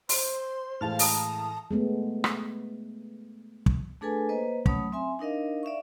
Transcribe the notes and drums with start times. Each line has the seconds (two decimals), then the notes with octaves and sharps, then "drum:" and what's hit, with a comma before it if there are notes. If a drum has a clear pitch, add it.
0.09 C5 C6, drum: open hi-hat
0.81 A2 E3 G#3 F5 A5 F6
0.99 A5 A#5 D#6, drum: open hi-hat
1.71 G#3 A3 B3
2.24 drum: rim click
3.66 drum: kick
4.01 A3 D4 G#4 A4 B4 G#5
4.29 A#3 B4 C5 D#5
4.66 F#3 A3 C#4 C#5 B5 D#6, drum: kick
4.92 C4 E5 G#5 C6
5.19 D4 D#4 A#4 D#5 F5
5.63 D5 E5 F5 C#6